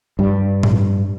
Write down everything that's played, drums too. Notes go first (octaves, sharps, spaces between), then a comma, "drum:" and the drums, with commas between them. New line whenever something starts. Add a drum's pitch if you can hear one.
G2 G3
drum: tom A2